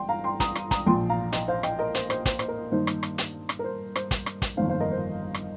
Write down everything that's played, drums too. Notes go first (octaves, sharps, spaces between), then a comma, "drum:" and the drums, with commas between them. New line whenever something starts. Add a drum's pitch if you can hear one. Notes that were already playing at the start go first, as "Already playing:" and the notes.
Already playing: G1 G2 G5 C6
F5 A#5
G5 C6
A#5 D#6, drum: kick, hi-hat
drum: rim click
A#5 D#6, drum: kick, hi-hat
A#1 A#2 F3 G5 C6
F5 A#5
D#5 G5, drum: hi-hat
C5 F5
D#5 G5, drum: rim click
A#4 D#5
C5, drum: hi-hat
C5, drum: rim click
C5, drum: kick, hi-hat
C5, drum: rim click
A#4
G2 D#3 A#3 D#4 C5
drum: rim click
drum: rim click
drum: hi-hat
drum: rim click
A#4
C5
C5, drum: rim click
drum: kick, hi-hat
drum: rim click
drum: kick, hi-hat
G1 F2 D#3 A#3 C5 F5
C5 F5
A#4 D#5
C5
drum: rim click